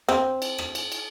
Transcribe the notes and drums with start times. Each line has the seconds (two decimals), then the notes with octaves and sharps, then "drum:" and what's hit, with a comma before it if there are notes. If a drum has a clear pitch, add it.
0.09 C4, drum: rim click
0.42 drum: cymbal
0.58 drum: rim click
0.75 drum: cymbal
0.92 drum: cymbal